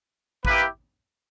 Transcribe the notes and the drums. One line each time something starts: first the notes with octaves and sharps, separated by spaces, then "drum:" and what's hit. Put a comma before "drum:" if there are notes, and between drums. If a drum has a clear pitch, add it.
A#3 E4 G4 B4, drum: kick